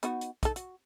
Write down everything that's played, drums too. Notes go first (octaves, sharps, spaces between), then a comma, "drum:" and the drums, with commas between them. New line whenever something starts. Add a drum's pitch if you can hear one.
B3 D#4 F#4, drum: hi-hat
drum: hi-hat
D#4 A4, drum: kick, hi-hat
F#4, drum: hi-hat